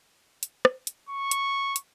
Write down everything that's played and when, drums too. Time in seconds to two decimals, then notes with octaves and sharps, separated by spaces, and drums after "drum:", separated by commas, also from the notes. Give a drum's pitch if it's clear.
0.43 drum: hi-hat
0.65 drum: rim click
0.87 drum: hi-hat
1.09 C#6
1.31 drum: hi-hat
1.76 drum: hi-hat